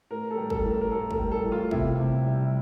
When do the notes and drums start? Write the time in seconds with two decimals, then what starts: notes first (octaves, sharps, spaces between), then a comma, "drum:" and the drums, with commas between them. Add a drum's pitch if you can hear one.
0.10 A2 A#4
0.31 A4
0.37 G3
0.50 A4, drum: kick
0.65 A2
0.70 A#4
0.81 A#4
0.91 A2 A4
1.11 A4, drum: kick
1.18 G3
1.31 A4
1.44 A2
1.52 F4
1.71 C3 E4, drum: kick
1.99 C3
2.26 G3